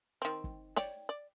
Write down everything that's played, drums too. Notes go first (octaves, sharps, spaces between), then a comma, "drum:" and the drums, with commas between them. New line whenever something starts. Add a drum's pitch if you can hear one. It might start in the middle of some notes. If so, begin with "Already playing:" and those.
D#3 C4
drum: kick
C#5 D5 G5, drum: snare
D5